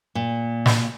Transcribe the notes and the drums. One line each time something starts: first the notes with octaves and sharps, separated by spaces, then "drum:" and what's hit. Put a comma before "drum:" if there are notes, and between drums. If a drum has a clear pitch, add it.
A#2
drum: snare